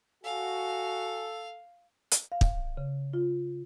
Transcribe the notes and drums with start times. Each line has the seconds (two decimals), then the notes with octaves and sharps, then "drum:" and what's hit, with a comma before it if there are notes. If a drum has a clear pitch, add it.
0.24 F#4 A4 F5 G#5
2.12 drum: hi-hat
2.32 F5
2.41 drum: kick
2.77 C#3
3.13 F4